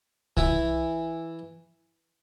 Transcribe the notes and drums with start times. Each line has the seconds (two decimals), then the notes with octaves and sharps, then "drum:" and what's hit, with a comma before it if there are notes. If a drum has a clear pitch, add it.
0.37 E3 E4, drum: kick C2